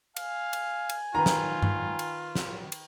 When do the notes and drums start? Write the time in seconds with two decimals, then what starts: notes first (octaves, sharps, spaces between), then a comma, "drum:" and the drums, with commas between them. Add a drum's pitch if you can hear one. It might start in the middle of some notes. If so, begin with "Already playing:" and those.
0.16 F5 G#5, drum: cymbal
0.53 drum: cymbal
0.89 drum: cymbal
1.15 D#3 F4 B4 A#5
1.26 drum: snare
1.62 drum: tom G2
1.99 drum: cymbal
2.35 drum: snare
2.72 drum: cymbal